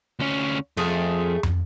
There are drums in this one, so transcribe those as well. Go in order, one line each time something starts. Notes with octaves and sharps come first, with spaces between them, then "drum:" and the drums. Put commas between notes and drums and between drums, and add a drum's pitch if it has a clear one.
D2 C#4
F2 A3 G#4
drum: tom